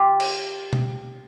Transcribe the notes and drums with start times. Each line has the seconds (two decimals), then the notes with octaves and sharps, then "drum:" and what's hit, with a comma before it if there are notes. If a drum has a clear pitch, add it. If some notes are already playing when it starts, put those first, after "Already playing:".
Already playing: F4 G4
0.20 drum: cymbal
0.73 drum: tom B2